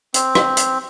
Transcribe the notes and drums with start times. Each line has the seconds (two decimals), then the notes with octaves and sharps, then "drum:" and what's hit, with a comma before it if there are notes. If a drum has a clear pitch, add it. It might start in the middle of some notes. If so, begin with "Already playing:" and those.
0.14 C4, drum: hi-hat
0.35 drum: rim click
0.57 drum: hi-hat